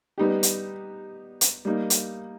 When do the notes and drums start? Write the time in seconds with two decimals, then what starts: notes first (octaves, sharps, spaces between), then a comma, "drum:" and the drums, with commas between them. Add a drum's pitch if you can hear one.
0.18 G3 B3 D#4 G4
0.43 drum: hi-hat
1.41 drum: hi-hat
1.65 G3 A#3 D#4
1.90 drum: hi-hat